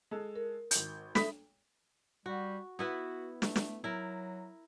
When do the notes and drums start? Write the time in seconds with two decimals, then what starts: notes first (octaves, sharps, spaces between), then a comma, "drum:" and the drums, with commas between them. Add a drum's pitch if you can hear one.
0.11 G#3 A4
0.36 A#4
0.71 G#1 G6, drum: hi-hat
1.15 A4 E5 B5 D#6 B6, drum: snare
2.26 G3 F#4
2.79 B3 E4 F#4 B4
3.42 A3, drum: snare
3.56 drum: snare
3.84 F#3 E4 A#4